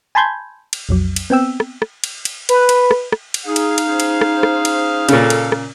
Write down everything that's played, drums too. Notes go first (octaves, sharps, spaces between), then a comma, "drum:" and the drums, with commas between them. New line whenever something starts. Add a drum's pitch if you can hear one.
G#5 A5 B5 C6 G6 G#6
drum: cymbal
B1 F2 F#3
drum: cymbal
B3 C4 G5 E6
drum: rim click
drum: rim click
drum: cymbal
drum: cymbal
B4, drum: cymbal
drum: cymbal
drum: rim click
drum: rim click
drum: cymbal
D#4 G#4 F5
drum: cymbal
drum: cymbal
C#4 G#4 C5
drum: cymbal
drum: rim click
drum: rim click
drum: cymbal
A#2 C#3 A4, drum: cymbal
drum: cymbal
drum: rim click